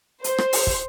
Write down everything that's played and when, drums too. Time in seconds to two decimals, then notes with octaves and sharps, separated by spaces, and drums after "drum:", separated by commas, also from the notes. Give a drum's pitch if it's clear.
0.24 C5, drum: hi-hat
0.38 drum: rim click
0.53 drum: open hi-hat
0.67 drum: kick